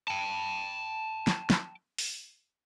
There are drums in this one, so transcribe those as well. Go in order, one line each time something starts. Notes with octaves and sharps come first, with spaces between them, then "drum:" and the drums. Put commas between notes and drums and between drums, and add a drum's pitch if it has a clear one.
G5 A5
drum: snare
drum: snare
drum: open hi-hat